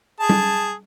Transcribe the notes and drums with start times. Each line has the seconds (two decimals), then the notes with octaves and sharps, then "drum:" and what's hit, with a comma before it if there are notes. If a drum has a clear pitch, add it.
0.20 G#4 A5
0.29 drum: tom G3